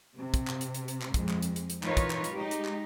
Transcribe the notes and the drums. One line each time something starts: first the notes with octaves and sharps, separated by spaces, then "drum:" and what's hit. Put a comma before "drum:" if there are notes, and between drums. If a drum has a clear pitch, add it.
C3
drum: kick, hi-hat
drum: clap
drum: hi-hat
drum: hi-hat
drum: hi-hat
drum: clap
F2 G#3, drum: kick, hi-hat
drum: clap
drum: hi-hat
drum: hi-hat
drum: hi-hat
E3 D#4 F4 A#4 B4 C#5, drum: clap
drum: kick, hi-hat
drum: clap
drum: hi-hat
G#3 D#4 G4
drum: hi-hat
drum: clap